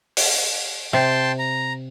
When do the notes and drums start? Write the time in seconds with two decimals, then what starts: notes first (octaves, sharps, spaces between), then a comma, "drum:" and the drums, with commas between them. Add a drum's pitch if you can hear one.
0.17 drum: open hi-hat
0.93 C3 G5 A5 C6
1.39 A#5